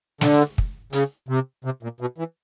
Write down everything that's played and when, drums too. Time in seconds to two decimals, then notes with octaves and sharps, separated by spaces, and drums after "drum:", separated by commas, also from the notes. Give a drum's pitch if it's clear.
0.21 D3, drum: snare
0.58 drum: kick
0.93 C#3, drum: hi-hat
1.29 C3
1.65 C3
1.83 A#2
2.01 B2
2.18 E3